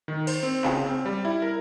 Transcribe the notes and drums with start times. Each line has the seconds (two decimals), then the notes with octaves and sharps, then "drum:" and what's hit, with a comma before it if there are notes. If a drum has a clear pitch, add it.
0.08 D#3
0.27 C5, drum: cymbal
0.43 C4
0.64 C#3, drum: clap
0.86 C4
1.06 G3
1.25 E4
1.42 A#4